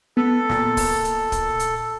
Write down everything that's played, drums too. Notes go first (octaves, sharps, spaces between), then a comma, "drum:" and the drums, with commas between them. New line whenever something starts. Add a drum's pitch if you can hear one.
B3 A4
A#2 A6, drum: snare
drum: kick, open hi-hat
drum: hi-hat
drum: kick, hi-hat
drum: hi-hat